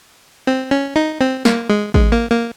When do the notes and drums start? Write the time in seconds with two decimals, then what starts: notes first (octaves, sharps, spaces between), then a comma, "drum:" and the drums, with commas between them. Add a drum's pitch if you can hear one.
0.47 C4
0.71 C#4
0.96 D#4
1.21 C4
1.45 A#3, drum: snare
1.69 G#3
1.94 G#3, drum: kick A1
2.12 A#3
2.31 A#3